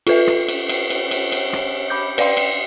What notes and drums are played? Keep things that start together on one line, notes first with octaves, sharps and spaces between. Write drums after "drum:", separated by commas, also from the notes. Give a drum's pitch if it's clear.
F4 A4 B4 E5, drum: cymbal
drum: rim click
drum: cymbal
drum: cymbal
drum: cymbal
drum: cymbal
drum: cymbal
drum: rim click
B5 D6 G6
B4 D5 F5 G5 C6, drum: cymbal
drum: cymbal